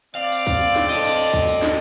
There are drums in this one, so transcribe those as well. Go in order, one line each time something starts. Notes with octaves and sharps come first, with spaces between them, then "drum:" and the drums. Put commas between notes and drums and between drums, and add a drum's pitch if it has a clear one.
C4 D5 F5
drum: tambourine
drum: kick, tambourine
drum: snare
A4 D#5, drum: tambourine
drum: tambourine
drum: tambourine
drum: kick, tambourine
drum: tambourine
drum: snare